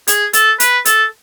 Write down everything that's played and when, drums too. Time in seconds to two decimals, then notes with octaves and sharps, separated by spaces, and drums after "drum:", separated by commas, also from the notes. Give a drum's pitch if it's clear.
0.07 G#4, drum: hi-hat
0.33 A4, drum: hi-hat
0.60 B4, drum: hi-hat
0.85 A4, drum: hi-hat